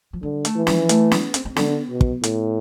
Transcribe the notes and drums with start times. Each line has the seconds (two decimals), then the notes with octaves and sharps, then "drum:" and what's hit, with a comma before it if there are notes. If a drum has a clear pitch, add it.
0.13 F3
0.23 D3 G3
0.45 A3, drum: hi-hat
0.56 E3
0.67 F3, drum: snare
0.89 A3, drum: hi-hat
1.11 B3, drum: snare
1.34 C4, drum: hi-hat
1.45 C4
1.56 D3 B3, drum: snare
1.90 B2
2.01 drum: kick
2.23 A2, drum: hi-hat